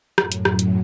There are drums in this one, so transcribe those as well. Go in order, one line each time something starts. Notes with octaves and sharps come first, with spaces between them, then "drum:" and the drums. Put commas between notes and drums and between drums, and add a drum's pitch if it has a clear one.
F#2 A2 F#3, drum: rim click
drum: hi-hat
drum: rim click
drum: hi-hat